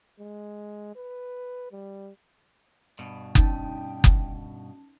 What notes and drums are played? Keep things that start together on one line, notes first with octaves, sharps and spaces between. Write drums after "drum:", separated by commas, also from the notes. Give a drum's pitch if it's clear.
G#3
B4
G3
G2 B2
C#4 D#4 G5 A5, drum: kick F#1
drum: kick F#1